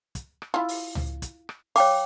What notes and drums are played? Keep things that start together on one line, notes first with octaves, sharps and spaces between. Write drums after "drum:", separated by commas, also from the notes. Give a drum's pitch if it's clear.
drum: kick, hi-hat
drum: rim click
E4 F4
drum: open hi-hat
drum: tom C#2
drum: kick, hi-hat
drum: rim click
C#5 F5 G5 D6, drum: open hi-hat